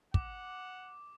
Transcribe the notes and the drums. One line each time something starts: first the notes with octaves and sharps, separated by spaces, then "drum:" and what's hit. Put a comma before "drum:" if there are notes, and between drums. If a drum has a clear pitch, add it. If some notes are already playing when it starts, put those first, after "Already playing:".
F#5 D6, drum: kick